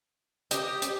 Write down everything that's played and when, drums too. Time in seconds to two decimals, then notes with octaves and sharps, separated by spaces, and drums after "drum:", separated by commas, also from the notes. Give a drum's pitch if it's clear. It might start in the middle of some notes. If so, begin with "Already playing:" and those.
0.51 G4 D#5, drum: hi-hat
0.82 drum: hi-hat